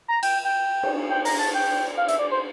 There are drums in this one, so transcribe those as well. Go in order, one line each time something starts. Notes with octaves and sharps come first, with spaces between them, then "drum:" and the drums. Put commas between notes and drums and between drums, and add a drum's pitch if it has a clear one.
A#5
G5, drum: cymbal
G5
drum: cymbal
G5
A#5, drum: open hi-hat
A5
G5
F5
E5, drum: hi-hat
D5
C5